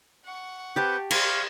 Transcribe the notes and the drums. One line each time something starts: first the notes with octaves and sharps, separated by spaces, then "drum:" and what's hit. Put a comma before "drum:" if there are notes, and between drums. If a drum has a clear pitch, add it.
F#5 C#6
C4 G4 B4 A5 G6
A#4 C5 D5 F5 C#6 G#6, drum: cymbal